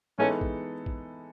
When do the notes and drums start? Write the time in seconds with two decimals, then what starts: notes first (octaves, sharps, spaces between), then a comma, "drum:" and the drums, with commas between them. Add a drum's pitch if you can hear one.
0.18 E3 G#3 B3 C#4 D#4 A4
0.41 drum: kick A#1
0.86 drum: kick A#1